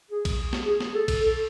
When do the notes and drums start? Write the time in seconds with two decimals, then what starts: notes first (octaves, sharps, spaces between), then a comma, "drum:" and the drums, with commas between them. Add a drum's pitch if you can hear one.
0.11 G#4
0.25 drum: kick B1, cymbal
0.53 drum: snare
0.66 G#4
0.80 drum: snare
0.94 A4
1.08 drum: kick B1, cymbal
1.22 A4